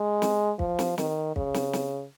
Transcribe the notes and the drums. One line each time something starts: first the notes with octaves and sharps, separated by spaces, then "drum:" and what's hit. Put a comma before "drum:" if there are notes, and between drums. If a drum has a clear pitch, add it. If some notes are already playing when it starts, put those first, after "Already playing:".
Already playing: G#3
drum: snare
F3, drum: kick
drum: snare
D#3, drum: snare
C#3, drum: kick
drum: snare
drum: snare